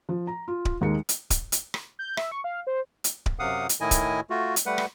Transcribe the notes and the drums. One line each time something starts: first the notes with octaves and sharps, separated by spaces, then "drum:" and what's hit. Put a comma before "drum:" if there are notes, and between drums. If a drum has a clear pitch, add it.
F3
A#5
F4
drum: kick D1
D#2 G#3 D#4 A#4 C#7
drum: hi-hat
drum: kick D1, hi-hat
drum: hi-hat
drum: rim click
G6
E5, drum: rim click
C#6
F5
C5
drum: hi-hat
drum: kick D1
F#2 C3 F5 F#5 D#6
drum: hi-hat
A2 D#3 E4 D#5 G#5
drum: kick D1, hi-hat
A3 F4 F#4
drum: hi-hat
G3 A3 B4 F#5
drum: rim click